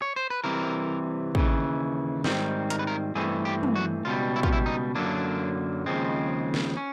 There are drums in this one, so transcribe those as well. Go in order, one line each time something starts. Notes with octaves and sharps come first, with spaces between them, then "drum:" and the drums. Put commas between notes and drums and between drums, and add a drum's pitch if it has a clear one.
C#5
C5
B4
C2 C3 E3 A#4
D#2 C#3 E3, drum: kick
G#2 D#3 G3 C4, drum: snare
A#4, drum: hi-hat
B4
A#4
G2 E3 A3 C4 G#4
G4
drum: tom
F#4
C#2 B2 G3 F4
E4
F4, drum: kick
E4
D#4
F#2 D3 F#3 A#3 D4
D#2 C#3 F3 G#3 C4
drum: snare
C#4